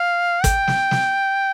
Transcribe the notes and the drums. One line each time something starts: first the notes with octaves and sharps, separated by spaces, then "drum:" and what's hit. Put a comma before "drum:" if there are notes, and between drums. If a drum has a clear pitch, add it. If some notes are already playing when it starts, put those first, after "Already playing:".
Already playing: F5
G5, drum: kick, hi-hat
drum: snare
drum: snare